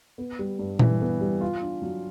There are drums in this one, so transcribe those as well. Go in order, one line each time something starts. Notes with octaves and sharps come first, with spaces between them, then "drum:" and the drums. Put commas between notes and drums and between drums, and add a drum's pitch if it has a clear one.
B3
G3
G2
E3, drum: tom A#2
B3
G3
F4
D4
F#3